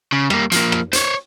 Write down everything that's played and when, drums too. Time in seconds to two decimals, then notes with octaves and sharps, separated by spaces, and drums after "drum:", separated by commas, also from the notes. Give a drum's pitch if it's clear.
0.12 C#3
0.30 G3 A#3, drum: rim click
0.52 F3 A#3, drum: hi-hat
0.72 drum: rim click
0.93 C5 C#5, drum: hi-hat